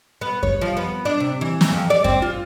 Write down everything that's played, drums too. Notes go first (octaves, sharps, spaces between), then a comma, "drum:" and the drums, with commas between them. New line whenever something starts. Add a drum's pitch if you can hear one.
B3
C#5, drum: kick F#2
F3
B3
D4
C3
E3
drum: snare
F2
D5
C4, drum: kick F#2
F4